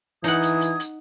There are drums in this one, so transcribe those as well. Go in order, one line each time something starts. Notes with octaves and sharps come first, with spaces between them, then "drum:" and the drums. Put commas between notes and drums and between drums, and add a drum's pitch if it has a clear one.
E3 D#4 F#5 D#6 G#6, drum: hi-hat
drum: hi-hat
drum: hi-hat
drum: hi-hat